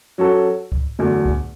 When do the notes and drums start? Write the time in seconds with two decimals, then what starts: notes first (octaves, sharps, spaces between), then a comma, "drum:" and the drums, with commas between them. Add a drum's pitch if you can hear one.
0.18 F#3 C#4 F#4 A4
0.72 drum: kick C#2
0.99 E2 D3 F#3 A3
1.25 drum: kick C#2